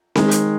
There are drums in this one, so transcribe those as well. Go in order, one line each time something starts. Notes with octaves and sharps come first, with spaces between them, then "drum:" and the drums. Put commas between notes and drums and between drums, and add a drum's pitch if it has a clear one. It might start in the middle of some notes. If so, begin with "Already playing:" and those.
D#3 G#3, drum: snare C4
drum: hi-hat